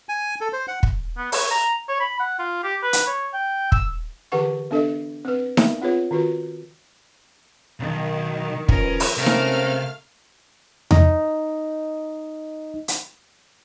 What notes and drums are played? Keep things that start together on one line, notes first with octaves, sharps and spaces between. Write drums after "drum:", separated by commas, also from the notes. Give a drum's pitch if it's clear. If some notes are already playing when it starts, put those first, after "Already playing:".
G#5
A4
C5
F#5
drum: kick
B3
C#5, drum: open hi-hat
A#5
C#5
B5
F#5
F4
G4
B4
drum: hi-hat
C#5
G5
E6, drum: kick
D3 E3 G4 B4 F#5 C#6
B3 D4 A4 A#4 D#5
C4 B4
B3, drum: snare D#4
C4 F4 G#4 B4 C#5
D#3 F4 F#4 B4
B1 D#3
F3 C#4 A#4 B4, drum: kick
drum: open hi-hat
C3 G#3 A3 C4 C#4 A#4 F5 F6
drum: snare D#4
D#4 D#5, drum: tom E2
drum: hi-hat